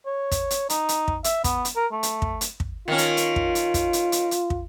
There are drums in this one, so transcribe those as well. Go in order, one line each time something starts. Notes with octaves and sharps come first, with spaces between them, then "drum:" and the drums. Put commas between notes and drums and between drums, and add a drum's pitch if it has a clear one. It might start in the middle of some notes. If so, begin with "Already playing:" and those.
C#5
drum: kick, hi-hat
drum: hi-hat
D#4, drum: hi-hat
drum: hi-hat
drum: kick
E5, drum: hi-hat
B3, drum: kick, hi-hat
drum: hi-hat
A#4
A3
drum: hi-hat
drum: kick
drum: hi-hat
drum: kick
D#3 C#4 F4
drum: hi-hat
drum: hi-hat
drum: kick
drum: hi-hat
drum: kick, hi-hat
drum: hi-hat
drum: hi-hat
drum: hi-hat
drum: kick